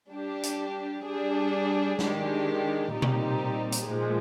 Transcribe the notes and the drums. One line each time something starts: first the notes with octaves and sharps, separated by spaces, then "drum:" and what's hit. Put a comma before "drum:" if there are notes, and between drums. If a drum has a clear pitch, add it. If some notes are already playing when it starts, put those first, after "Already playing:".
G3 D4 G4
drum: hi-hat
G3 D4 G#4
D#3 G#3 D4 G4, drum: snare
A#2 G3 C4 D#4 G4
drum: tom B2
drum: hi-hat
A#2 F3 G#3